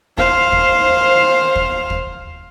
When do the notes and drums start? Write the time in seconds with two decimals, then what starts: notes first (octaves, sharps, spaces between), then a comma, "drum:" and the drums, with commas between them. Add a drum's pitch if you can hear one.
0.18 C5 F5, drum: kick
0.52 drum: kick
1.56 drum: kick
1.90 drum: kick